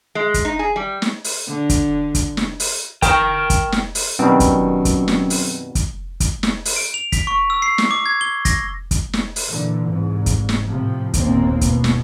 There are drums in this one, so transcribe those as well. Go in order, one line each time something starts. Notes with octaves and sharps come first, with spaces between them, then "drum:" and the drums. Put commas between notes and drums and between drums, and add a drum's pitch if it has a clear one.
G#3
drum: kick, hi-hat
D#4
G#4
G3
drum: snare
drum: open hi-hat
D3
drum: kick, hi-hat
drum: kick, hi-hat
drum: snare
drum: open hi-hat
A#4 G5, drum: kick, hi-hat
drum: kick, hi-hat
drum: snare
drum: open hi-hat
F#2 B2 D#3 G3 C4
drum: kick, hi-hat
drum: kick, hi-hat
drum: snare
drum: open hi-hat
drum: kick, hi-hat
drum: kick, hi-hat
drum: snare
drum: open hi-hat
D7
F7
B6, drum: kick, hi-hat
C#6
E6
C7
drum: snare
D6
G#6
G7
A#6, drum: kick, hi-hat
drum: kick, hi-hat
drum: snare
drum: open hi-hat
A#2 D3 E3
C2 G#2
drum: kick, hi-hat
drum: snare
A2 C3 F3
G1 D#2 A#2 A#3 C4, drum: kick, hi-hat
B2, drum: kick, hi-hat
drum: snare